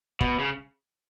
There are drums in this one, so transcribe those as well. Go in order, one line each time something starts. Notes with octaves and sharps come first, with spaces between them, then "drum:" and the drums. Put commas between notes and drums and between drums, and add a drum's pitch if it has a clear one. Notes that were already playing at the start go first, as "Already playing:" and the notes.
B2, drum: kick
C#3